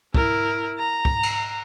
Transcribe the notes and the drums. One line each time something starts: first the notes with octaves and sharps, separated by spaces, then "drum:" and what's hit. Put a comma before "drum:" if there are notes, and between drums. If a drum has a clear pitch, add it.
E4 A#4, drum: kick
A#5
drum: kick
drum: cymbal